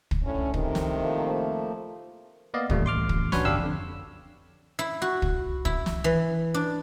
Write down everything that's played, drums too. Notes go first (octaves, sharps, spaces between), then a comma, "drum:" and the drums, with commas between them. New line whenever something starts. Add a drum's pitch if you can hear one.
drum: kick
A2 D3 C#4
A2 C3 D#3, drum: kick
drum: snare
F3 A3 A#3
A#3 B3 D5 D#5 F5
A1 D#2 G3 A3 F4, drum: kick
A1 C6 D6 F6
drum: kick
C#4 D4 F#4 B4 C#5, drum: snare
G1 D4 G4 F5 E6
F2 D3
E4
F#4
drum: kick
E4, drum: kick
drum: snare
E3
D4